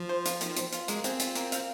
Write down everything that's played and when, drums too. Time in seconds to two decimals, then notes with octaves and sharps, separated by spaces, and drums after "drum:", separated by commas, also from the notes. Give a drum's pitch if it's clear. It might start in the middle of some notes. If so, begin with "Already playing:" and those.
Already playing: F3
0.09 C5
0.26 F4, drum: hi-hat
0.41 D#3, drum: hi-hat
0.57 C4, drum: hi-hat
0.73 F4, drum: hi-hat
0.88 G#3 A#3, drum: hi-hat
1.04 C4 G#4, drum: hi-hat
1.20 F4, drum: hi-hat
1.35 A#3, drum: hi-hat
1.52 F5, drum: hi-hat